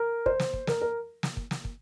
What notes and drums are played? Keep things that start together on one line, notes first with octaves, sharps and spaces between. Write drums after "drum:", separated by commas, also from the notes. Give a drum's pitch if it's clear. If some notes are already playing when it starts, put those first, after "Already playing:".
Already playing: A#4
C5, drum: kick
drum: snare
drum: kick
A#4, drum: snare
A#4
drum: snare
drum: kick
drum: snare
drum: kick